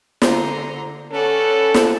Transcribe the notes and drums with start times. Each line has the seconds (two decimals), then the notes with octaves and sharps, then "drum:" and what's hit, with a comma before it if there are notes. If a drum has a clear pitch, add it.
0.22 D3 A#5 C6, drum: snare
1.12 C#4 A4 B4 D5 F#5
1.74 drum: snare